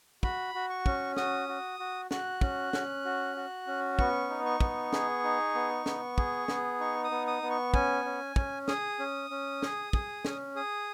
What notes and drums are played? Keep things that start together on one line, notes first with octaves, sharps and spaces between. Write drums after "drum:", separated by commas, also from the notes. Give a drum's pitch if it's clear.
F#4 B5, drum: kick
F#4
C#6
C#4, drum: kick
F#4 D#6, drum: snare
F#4
F#4
F#4 F#6, drum: snare
C#4, drum: kick
C#4, drum: snare
F#4
F#4
C#4
B3 C#6, drum: kick
D#4
C#6
B3, drum: kick
G#4, drum: snare
D#4
B3
B3, drum: snare
G#4, drum: kick
B3, drum: snare
D#4 C#6
D#6
B3
D#6
B3
C#6
C#4 G#5, drum: kick
C#4
C#4, drum: kick
G#4 D#6, drum: snare
C#4
C#4
G#4, drum: snare
G#4, drum: kick
C#4, drum: snare
G#4 D#6